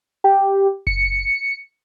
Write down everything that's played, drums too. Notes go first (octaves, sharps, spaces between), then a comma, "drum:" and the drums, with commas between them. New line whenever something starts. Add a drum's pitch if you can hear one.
G4
C#7, drum: kick F#1